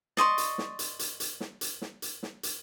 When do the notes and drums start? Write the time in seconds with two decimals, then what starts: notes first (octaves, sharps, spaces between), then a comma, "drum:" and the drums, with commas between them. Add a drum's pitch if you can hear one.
0.17 D5 D#5 C6 C#6, drum: snare
0.38 drum: hi-hat
0.58 drum: snare
0.79 drum: hi-hat
0.99 drum: hi-hat
1.20 drum: hi-hat
1.40 drum: snare
1.61 drum: hi-hat
1.82 drum: snare
2.02 drum: hi-hat
2.23 drum: snare
2.43 drum: hi-hat